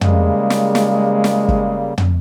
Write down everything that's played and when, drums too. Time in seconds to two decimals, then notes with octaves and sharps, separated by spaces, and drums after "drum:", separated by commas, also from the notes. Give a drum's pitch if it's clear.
0.01 C#3 G3 G#3 A#3, drum: tom
0.50 drum: snare
0.75 drum: snare
1.24 drum: snare
1.48 drum: kick
1.98 drum: tom